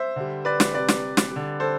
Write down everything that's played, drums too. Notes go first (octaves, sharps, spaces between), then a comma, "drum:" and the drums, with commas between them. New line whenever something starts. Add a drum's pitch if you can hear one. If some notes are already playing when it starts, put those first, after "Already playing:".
Already playing: C5 E5
D3 G3
B4 D5
drum: snare
C3 G3 B4 D5
drum: snare
drum: snare
D3 G3
A4 C5